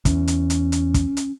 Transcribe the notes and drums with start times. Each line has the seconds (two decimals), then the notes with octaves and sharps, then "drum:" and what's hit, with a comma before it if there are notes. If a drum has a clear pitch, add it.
0.05 E2 C#4, drum: kick, hi-hat
0.28 drum: hi-hat
0.50 drum: hi-hat
0.72 drum: hi-hat
0.94 drum: kick, hi-hat
1.17 drum: hi-hat